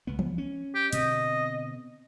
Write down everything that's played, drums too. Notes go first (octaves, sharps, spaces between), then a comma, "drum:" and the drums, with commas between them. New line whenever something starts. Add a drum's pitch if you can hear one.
C#2 B3
drum: tom E3
C#4
G4
B2 D3 C4 D#5, drum: hi-hat